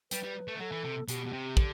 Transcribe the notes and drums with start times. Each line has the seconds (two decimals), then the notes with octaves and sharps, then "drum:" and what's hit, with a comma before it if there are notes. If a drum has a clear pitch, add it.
0.11 G3 B4, drum: hi-hat
0.23 G3
0.48 A3
0.55 E3
0.60 F#3 A4
0.72 E3
0.84 C3
1.08 B2 G4, drum: hi-hat
1.26 B2
1.33 C3
1.57 D3, drum: kick